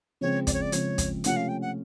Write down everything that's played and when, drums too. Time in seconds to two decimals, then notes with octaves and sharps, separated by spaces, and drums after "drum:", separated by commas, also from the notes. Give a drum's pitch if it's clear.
0.21 C#3 F3 G#3 C4 C#5
0.47 D5, drum: kick, hi-hat
0.54 C#5
0.62 D5
0.72 C#3 F3 G#3 C4 C#5, drum: hi-hat
0.98 drum: kick, hi-hat
1.24 C3 F3 A3 C#4 F4 F#5, drum: hi-hat
1.37 F5
1.49 G5
1.62 F#5